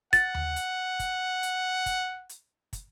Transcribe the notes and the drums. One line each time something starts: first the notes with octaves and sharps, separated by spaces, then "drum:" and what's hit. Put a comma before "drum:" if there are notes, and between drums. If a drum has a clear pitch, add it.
F#5 A6, drum: kick, hi-hat
drum: tom D#2
drum: hi-hat
drum: kick, hi-hat
drum: hi-hat
drum: kick, hi-hat
drum: hi-hat
drum: kick, hi-hat